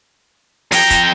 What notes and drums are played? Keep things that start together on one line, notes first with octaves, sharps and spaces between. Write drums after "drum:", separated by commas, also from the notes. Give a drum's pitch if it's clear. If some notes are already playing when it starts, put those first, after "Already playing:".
F2 G5 A#5, drum: open hi-hat
drum: kick F1, hi-hat